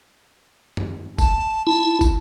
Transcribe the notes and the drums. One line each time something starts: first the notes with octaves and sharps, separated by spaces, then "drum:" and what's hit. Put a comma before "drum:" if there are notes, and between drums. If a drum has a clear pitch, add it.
drum: tom F#2
A5, drum: kick, tambourine
E4 A5
drum: kick, tambourine